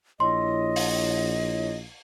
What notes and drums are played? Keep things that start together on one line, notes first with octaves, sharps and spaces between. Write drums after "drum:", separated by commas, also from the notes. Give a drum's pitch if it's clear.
A#1 E4 C#5 D#5 C6
drum: open hi-hat